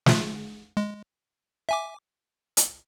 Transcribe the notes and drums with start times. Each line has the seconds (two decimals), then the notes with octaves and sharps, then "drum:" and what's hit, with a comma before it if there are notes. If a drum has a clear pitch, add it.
0.06 F3 A3 F4, drum: snare
0.77 G#3
1.69 E5 G#5 D6
2.57 drum: hi-hat